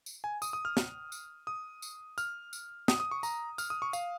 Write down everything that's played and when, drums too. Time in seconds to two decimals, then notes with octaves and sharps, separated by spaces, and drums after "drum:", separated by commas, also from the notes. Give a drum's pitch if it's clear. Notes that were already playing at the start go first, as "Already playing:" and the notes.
0.06 drum: tambourine
0.24 G#5
0.42 D#6, drum: tambourine
0.53 D#6
0.65 F6
0.77 drum: snare
1.12 drum: tambourine
1.47 D#6
1.82 drum: tambourine
2.18 F6, drum: tambourine
2.53 drum: tambourine
2.88 D#6, drum: snare
3.00 D#6
3.11 C#6
3.23 A#5, drum: tambourine
3.58 F6, drum: tambourine
3.70 D#6
3.82 C#6
3.93 F5, drum: tambourine